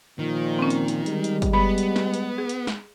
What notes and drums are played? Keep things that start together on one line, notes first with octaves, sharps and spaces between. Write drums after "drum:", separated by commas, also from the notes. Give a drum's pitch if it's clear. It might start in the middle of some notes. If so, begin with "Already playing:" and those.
A#2 D#3 F3
C4 C#4
drum: hi-hat
drum: hi-hat
G3 G#3, drum: hi-hat
drum: hi-hat
drum: kick, hi-hat
B3 B5
drum: hi-hat
drum: snare
drum: hi-hat
G#4
drum: hi-hat
drum: snare